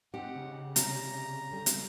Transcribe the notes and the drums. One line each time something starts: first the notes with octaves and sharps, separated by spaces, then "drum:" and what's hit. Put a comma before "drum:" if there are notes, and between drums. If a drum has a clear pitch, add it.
C4 D#4 G4 F#5
C#3
C3 C#4 D5 A#5, drum: hi-hat
D3 G3
drum: hi-hat